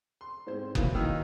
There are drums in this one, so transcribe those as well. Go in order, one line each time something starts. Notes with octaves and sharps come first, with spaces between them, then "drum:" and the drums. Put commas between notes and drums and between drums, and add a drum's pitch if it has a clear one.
C6
G#2 C4 C5
E3 F#3 A#3, drum: kick F#1
D#3 E6